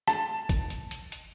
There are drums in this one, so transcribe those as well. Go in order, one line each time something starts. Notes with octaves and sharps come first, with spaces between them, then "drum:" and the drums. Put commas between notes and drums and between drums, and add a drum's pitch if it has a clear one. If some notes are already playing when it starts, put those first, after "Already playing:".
A5, drum: rim click
drum: kick, hi-hat
drum: hi-hat
drum: hi-hat
drum: hi-hat